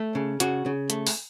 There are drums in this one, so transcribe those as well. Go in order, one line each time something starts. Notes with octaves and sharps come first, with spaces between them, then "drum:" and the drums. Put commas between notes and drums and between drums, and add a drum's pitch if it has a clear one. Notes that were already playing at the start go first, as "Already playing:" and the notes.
Already playing: A3
C#3
C#3 F#4, drum: hi-hat
C#3
A3, drum: hi-hat
drum: open hi-hat